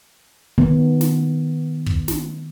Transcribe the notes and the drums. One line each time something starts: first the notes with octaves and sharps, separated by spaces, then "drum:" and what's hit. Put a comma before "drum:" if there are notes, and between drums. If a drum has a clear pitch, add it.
D#3 B3
drum: snare
drum: kick
drum: snare